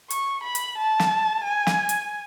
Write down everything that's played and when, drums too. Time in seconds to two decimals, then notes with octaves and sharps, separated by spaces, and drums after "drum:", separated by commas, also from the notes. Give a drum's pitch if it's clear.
0.10 C#6, drum: hi-hat
0.43 B5
0.55 drum: hi-hat
0.78 A5
1.00 drum: snare
1.44 G#5
1.67 drum: snare
1.89 drum: hi-hat